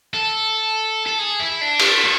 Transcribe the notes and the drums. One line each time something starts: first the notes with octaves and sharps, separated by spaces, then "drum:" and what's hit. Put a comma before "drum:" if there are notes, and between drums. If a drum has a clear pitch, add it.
A4
A4
G#4
E4
D4
drum: cymbal
F#4